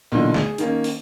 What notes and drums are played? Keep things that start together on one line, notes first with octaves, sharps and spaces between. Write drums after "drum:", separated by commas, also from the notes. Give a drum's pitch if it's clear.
B1 A#2 D3 E3
G#4, drum: snare
D#3 A#3 C#4, drum: hi-hat
drum: open hi-hat